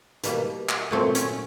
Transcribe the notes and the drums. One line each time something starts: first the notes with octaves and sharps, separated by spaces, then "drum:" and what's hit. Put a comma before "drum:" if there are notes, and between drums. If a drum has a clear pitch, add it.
B2 G3 A#3, drum: hi-hat
drum: clap
A#2 F#3 A3 C4
C#4, drum: hi-hat